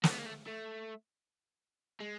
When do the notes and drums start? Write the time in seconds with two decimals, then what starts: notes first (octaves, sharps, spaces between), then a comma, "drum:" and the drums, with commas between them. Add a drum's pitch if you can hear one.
0.04 A#3, drum: snare
0.11 B3
0.19 A#3
0.26 A3
0.48 A3
2.01 G#3